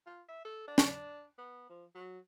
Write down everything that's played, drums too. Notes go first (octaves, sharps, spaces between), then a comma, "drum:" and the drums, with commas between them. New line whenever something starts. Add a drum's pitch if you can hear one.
F4
E5
A4
D4
drum: snare
B3
F3
F#3